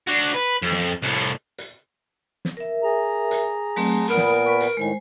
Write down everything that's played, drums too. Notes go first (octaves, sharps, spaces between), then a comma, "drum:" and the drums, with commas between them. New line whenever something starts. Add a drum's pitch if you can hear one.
D4 F#4
B4
F2
drum: snare
C2 A2
drum: hi-hat
drum: hi-hat
drum: snare
A#4 E5
G#4 A#5
drum: hi-hat
F#3 A3 C4, drum: open hi-hat
A#2 B3 A#4 B5 D#6
drum: snare
B4 B5 C#6
drum: hi-hat
A2 D#3 G#3 C5 G#5